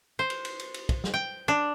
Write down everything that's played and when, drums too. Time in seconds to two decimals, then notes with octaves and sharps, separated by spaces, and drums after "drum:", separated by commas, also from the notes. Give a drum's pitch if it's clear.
0.19 C5
0.30 drum: cymbal
0.45 drum: cymbal
0.59 drum: cymbal
0.74 drum: cymbal
0.89 drum: kick, cymbal
1.04 drum: snare
1.14 G5
1.48 D4